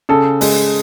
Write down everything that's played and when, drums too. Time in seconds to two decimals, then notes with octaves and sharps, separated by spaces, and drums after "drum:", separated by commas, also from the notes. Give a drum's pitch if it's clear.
0.09 C#3 A4
0.41 G#3, drum: open hi-hat